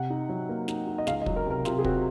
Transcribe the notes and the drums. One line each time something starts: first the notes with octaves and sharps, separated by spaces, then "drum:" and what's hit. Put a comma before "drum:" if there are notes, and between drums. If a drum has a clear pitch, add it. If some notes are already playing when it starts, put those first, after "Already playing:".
Already playing: C3 F#5
D#4
F#3
A#3
D#4, drum: snare
D#4
D#5
C#2 F5, drum: snare
D#5
F#3, drum: kick
A#4
C3 A#4
C3 F4, drum: snare
G#4
C4 F#4, drum: kick